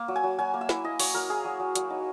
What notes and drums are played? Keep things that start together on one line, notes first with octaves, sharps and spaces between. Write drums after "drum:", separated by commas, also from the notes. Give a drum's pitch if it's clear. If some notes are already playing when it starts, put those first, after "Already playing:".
Already playing: A#3
F#3
G#5
F#3
F#3 G#5
A#3
E5
E4, drum: snare
E4 D#5
F#3 C#5, drum: open hi-hat
F#3 A#4
E4 G#4
F#3
F#3
F#3, drum: hi-hat
D#4